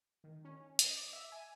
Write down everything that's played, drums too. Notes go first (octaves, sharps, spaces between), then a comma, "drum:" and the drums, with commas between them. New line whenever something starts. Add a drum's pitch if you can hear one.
D#3
C#4
D#5, drum: hi-hat
D6
E5
G#5